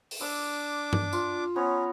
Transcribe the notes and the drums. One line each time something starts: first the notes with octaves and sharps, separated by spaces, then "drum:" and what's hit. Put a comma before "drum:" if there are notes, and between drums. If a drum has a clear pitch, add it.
drum: open hi-hat
D4 D6 E6
drum: tom G2
F4, drum: tambourine
B3 C#4 C#5 A#5